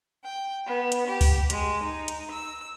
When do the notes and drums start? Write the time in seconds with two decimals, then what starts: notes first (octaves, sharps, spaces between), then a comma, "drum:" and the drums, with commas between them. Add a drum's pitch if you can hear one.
0.25 G5
0.67 B3
0.92 drum: hi-hat
1.08 G4
1.21 drum: kick C#2, open hi-hat
1.50 G#3, drum: hi-hat
1.83 D#4
2.08 drum: hi-hat
2.33 E6